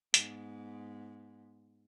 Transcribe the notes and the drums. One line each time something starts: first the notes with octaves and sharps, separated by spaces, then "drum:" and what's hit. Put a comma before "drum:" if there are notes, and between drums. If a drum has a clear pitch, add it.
G#2 B3, drum: hi-hat